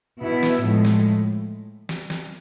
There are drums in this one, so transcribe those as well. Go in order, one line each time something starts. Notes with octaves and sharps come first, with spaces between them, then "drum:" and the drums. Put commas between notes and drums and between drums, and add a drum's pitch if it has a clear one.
B2 B3 E4
drum: snare
A2 F3 G#3
drum: snare
drum: snare
drum: snare